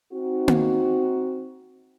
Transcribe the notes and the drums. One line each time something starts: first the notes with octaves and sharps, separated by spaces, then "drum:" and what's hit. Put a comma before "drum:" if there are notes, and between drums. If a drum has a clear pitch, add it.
C4 D#4 F#4
drum: tom A#3